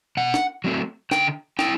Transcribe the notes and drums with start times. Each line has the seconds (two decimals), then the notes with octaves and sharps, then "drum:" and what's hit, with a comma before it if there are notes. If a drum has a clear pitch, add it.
0.17 B2 F#5
0.34 drum: snare
0.64 F#3 A3 C4
1.11 D3 G5, drum: snare
1.59 C4 E4 G5, drum: snare